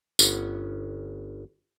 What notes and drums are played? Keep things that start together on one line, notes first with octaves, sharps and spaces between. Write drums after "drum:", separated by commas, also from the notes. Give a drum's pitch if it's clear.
G1 B3 C#4 F#5, drum: tambourine